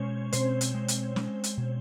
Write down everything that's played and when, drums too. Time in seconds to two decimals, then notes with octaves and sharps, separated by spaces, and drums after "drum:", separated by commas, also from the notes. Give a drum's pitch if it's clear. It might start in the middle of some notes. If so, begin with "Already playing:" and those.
Already playing: B2 G#3 C#4 C5 C#5
0.33 B2 C4 C5, drum: hi-hat
0.61 drum: hi-hat
0.74 G#3
0.88 drum: hi-hat
1.16 G#3, drum: snare
1.44 drum: hi-hat
1.58 B2